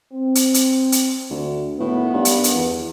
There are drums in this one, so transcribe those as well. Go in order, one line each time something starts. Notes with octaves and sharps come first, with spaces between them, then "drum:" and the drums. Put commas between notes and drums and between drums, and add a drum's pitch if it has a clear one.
C4
drum: hi-hat
drum: hi-hat
drum: hi-hat
D2
F#2 A2 D#3 B3
G2
drum: hi-hat
drum: hi-hat
E2